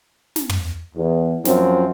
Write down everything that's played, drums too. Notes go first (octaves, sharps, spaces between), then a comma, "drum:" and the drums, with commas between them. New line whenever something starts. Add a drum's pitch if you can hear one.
drum: snare
drum: tom
E2
F#2 F3 C4, drum: snare